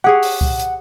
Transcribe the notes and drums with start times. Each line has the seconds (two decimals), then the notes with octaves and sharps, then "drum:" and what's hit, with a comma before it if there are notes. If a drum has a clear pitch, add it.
0.04 G4 G#4 C#5 F#5
0.23 drum: open hi-hat
0.41 drum: kick C2
0.59 drum: hi-hat